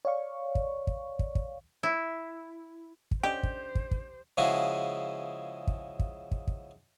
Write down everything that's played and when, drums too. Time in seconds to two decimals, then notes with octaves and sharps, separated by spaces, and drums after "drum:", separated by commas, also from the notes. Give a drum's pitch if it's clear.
0.05 C#5 D5 F5 C#6
0.55 drum: kick
0.87 drum: kick
1.19 drum: kick
1.35 drum: kick
1.83 E4
3.11 drum: kick
3.23 D3 C#4 G4 C5 D#5 G5
3.43 drum: kick
3.75 drum: kick
3.91 drum: kick
4.37 C#3 F3 G#3 E4 F#4 G#4
5.67 drum: kick
5.99 drum: kick
6.31 drum: kick
6.47 drum: kick